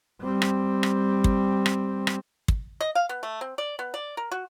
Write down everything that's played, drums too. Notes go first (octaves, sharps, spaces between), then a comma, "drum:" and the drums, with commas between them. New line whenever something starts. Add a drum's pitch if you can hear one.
G3 C4
drum: rim click
drum: rim click
drum: kick
drum: rim click
drum: rim click
drum: kick
D#5
F5
B3
A3
C4
D5
B3
D5
A#4
F#4